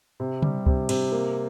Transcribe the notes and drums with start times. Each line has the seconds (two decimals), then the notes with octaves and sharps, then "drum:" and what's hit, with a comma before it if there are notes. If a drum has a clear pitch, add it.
0.20 C3
0.42 G3, drum: tom C#3
0.66 C3, drum: kick C#2
0.89 C3, drum: cymbal
1.12 A#3